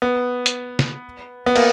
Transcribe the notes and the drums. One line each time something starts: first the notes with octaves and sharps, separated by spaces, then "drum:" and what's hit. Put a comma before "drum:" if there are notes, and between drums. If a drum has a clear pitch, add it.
B3
drum: hi-hat
drum: snare
B3
A#3, drum: cymbal